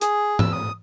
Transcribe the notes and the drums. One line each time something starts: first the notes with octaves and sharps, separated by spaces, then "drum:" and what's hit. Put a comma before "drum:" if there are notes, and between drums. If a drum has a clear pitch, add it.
G#4, drum: hi-hat
E6, drum: tom G#2
D#6